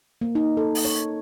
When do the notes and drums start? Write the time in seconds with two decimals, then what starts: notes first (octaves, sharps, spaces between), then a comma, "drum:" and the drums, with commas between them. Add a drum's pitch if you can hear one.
0.21 A#3
0.35 D#4
0.57 A4
0.75 drum: open hi-hat
0.85 C#5